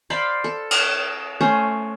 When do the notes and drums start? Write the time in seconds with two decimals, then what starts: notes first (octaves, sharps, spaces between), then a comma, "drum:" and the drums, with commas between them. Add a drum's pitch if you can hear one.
0.10 C5 D5 F5 B5
0.44 A4
0.71 drum: cymbal
1.41 A3 C#4 C5